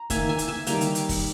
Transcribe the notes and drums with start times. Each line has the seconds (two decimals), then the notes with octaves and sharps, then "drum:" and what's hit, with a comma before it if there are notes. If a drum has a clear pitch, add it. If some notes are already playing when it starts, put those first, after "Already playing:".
Already playing: A#5
0.10 D#3 A#3 E5 G#5, drum: kick, hi-hat
0.29 E5 G#5
0.39 drum: hi-hat
0.48 E5 G#5
0.67 D#3 G3 A#3 G5 A#5, drum: hi-hat
0.81 drum: hi-hat
0.95 drum: hi-hat
1.09 drum: kick, open hi-hat